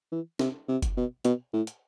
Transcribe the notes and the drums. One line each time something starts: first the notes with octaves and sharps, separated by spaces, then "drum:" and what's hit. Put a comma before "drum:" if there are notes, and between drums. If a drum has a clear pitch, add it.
E3
C3, drum: snare
C3
drum: kick F#1, hi-hat
B2
B2, drum: hi-hat
A2
drum: hi-hat